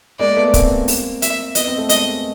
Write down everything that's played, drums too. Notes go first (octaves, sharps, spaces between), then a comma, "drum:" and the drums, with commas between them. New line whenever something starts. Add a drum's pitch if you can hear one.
G#3 A#3 D5
A3 B3
A#3 C4, drum: kick, hi-hat
drum: open hi-hat
E5, drum: hi-hat
B3 D#5, drum: hi-hat
C4
A3 B3
G#3 A#3 D#5, drum: hi-hat